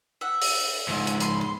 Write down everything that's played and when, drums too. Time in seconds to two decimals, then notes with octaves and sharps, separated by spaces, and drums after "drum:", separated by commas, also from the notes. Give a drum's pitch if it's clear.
0.21 E5 F#5
0.42 drum: open hi-hat
0.89 C#2 G#2
1.07 drum: hi-hat
1.20 B5 C6, drum: hi-hat
1.41 C6